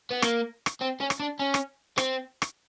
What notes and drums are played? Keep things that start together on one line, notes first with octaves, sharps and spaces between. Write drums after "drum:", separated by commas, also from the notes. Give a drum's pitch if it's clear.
B3
A#3, drum: rim click
drum: rim click
C4
C#4
drum: rim click
D4
C#4
drum: rim click
C4, drum: rim click
drum: rim click